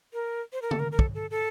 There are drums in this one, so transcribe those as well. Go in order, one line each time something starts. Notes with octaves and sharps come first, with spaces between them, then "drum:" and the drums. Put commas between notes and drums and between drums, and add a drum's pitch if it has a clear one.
A#4
C5
A#4
A4, drum: tom C#3
A#4
A#4
A4, drum: kick
A4
A4